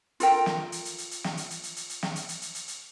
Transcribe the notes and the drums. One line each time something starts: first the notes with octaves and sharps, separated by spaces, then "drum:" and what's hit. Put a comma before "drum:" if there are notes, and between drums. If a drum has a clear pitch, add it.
F4 A4 A#4 G5, drum: hi-hat
drum: snare
drum: hi-hat
drum: hi-hat
drum: hi-hat
drum: hi-hat
drum: snare
drum: hi-hat
drum: hi-hat
drum: hi-hat
drum: hi-hat
drum: hi-hat
drum: snare
drum: hi-hat
drum: hi-hat
drum: hi-hat
drum: hi-hat
drum: hi-hat